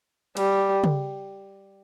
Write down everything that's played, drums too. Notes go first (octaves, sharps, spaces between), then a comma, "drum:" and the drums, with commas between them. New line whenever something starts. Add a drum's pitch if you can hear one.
G3, drum: cymbal
drum: tom C#3